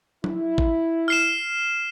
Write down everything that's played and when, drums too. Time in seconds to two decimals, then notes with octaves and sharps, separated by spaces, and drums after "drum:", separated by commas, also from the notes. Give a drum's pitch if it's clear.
0.24 E4, drum: tom F#3
0.58 drum: kick A1
1.08 F6 C7 E7